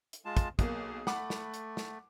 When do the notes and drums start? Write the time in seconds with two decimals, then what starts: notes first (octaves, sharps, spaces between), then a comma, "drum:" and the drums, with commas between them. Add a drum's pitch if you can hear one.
0.13 drum: hi-hat
0.25 G#3 F4 A5
0.37 drum: kick, hi-hat
0.59 B1 A#3 G#4, drum: kick, hi-hat
1.07 A3 F#5 B5 D6, drum: snare
1.30 drum: snare
1.54 drum: hi-hat
1.77 drum: snare